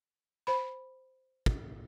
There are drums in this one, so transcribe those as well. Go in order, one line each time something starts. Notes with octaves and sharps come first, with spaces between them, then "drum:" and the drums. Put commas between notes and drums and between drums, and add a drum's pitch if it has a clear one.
C5 B5
drum: kick